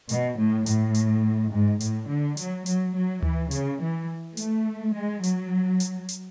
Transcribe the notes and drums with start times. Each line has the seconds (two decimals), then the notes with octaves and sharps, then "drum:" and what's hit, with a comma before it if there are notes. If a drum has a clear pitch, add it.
0.09 B2, drum: hi-hat
0.38 A2
0.66 A2, drum: hi-hat
0.94 drum: hi-hat
1.51 G#2
1.80 A2, drum: hi-hat
2.09 D3
2.37 F#3, drum: hi-hat
2.66 F#3, drum: hi-hat
2.94 F#3
3.23 E3, drum: tom D2
3.51 C#3, drum: hi-hat
3.80 E3
4.37 A3, drum: hi-hat
4.95 G#3
5.23 F#3, drum: hi-hat
5.80 drum: hi-hat
6.09 drum: hi-hat